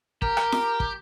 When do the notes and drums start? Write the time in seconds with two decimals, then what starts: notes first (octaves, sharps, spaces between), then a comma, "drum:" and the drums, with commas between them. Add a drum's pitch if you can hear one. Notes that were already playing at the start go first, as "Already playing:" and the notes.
0.22 G4 A#4, drum: kick
0.37 drum: rim click
0.52 drum: snare
0.80 drum: kick